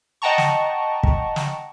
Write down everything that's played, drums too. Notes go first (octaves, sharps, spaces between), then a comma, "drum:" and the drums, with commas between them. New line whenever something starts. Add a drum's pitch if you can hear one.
D#5 F#5 G5 A5 A#5 C#6
drum: snare
drum: kick
drum: snare